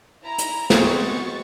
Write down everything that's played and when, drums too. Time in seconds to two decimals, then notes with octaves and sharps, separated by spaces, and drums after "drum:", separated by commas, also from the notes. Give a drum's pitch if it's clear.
0.23 E4 A#5
0.38 drum: hi-hat
0.70 G#3 B3 C4 F#4 G#4 C#6 A6, drum: snare